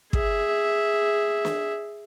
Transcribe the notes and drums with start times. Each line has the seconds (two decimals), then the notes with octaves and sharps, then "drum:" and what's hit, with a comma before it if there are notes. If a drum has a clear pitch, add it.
0.13 G#4 E5, drum: kick
1.45 drum: snare